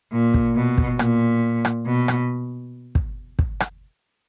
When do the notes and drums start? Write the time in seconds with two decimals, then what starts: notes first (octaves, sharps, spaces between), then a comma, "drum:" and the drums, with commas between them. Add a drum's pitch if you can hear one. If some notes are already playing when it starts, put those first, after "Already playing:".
0.12 A#2
0.34 drum: kick
0.56 B2
0.78 drum: kick
0.99 A#2, drum: rim click
1.65 drum: rim click
1.86 B2
2.08 drum: rim click
2.95 drum: kick
3.39 drum: kick
3.60 drum: rim click